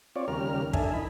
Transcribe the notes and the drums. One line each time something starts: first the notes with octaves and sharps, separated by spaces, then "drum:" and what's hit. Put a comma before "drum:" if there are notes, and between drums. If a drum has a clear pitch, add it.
C4 F4 C#5 D5
D#2 C#3 G3 A#4 F6
D4 D#4 A4 E5 G#5, drum: kick
E3 D#5 B5